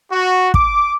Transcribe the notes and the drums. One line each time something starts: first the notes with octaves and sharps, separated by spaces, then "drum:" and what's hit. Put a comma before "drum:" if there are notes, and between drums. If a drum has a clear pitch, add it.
F#4
D6, drum: kick